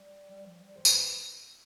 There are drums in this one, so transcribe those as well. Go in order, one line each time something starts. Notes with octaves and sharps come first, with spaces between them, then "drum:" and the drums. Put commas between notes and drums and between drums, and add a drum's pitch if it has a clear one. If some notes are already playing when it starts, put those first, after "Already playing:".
Already playing: G3
G3
F3
G3
E3 C5
B4, drum: tambourine